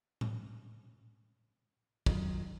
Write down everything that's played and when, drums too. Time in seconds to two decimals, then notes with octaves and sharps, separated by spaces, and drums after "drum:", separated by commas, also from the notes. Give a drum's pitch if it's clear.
0.21 drum: tom A2
2.06 F2 D#3 F#3 F4, drum: kick